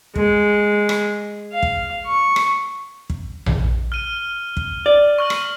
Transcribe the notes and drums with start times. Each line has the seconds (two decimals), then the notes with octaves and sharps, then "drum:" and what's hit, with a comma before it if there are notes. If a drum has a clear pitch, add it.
0.16 G#3, drum: kick
0.89 drum: rim click
1.53 F5
1.63 drum: kick
2.07 C#6
2.36 drum: rim click
3.10 drum: kick
3.46 drum: tom A#1
3.92 F6 D#7 G7
4.57 drum: kick
4.86 D5
5.18 C#6 F6 F#7
5.30 drum: rim click